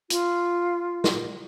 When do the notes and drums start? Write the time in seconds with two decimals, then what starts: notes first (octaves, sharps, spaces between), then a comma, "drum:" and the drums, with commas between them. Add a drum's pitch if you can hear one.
0.10 F4, drum: hi-hat
1.04 drum: snare